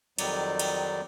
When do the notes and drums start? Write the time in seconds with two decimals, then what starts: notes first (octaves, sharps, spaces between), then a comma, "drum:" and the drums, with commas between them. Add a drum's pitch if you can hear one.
0.19 F2 D#3 F#3 G3 D#4 D5, drum: cymbal
0.59 drum: cymbal